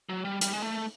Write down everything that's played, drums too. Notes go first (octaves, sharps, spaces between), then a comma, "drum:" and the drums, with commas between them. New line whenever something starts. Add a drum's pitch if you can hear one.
F#3
G3
G3, drum: hi-hat
G#3
A3